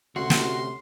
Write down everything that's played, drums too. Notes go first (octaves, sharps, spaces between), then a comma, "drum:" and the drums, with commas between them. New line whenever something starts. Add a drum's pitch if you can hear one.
D2 C3 C#4 F#4 C6
drum: snare